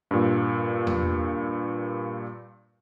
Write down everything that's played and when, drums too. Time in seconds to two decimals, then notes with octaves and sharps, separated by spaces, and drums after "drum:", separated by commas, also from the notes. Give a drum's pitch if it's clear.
0.11 G2 A#2
0.87 drum: tom E2